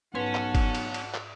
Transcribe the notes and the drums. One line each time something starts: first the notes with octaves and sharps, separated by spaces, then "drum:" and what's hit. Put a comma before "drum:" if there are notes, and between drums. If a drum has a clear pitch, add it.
B1 G#2 C#4 B4 F#5 A5
drum: clap
drum: kick, cymbal
drum: cymbal
drum: cymbal
drum: clap